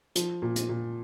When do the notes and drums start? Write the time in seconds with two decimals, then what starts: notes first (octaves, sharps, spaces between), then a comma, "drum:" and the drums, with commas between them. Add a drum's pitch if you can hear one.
0.16 F3, drum: hi-hat
0.42 A#2
0.56 drum: hi-hat
0.69 A#2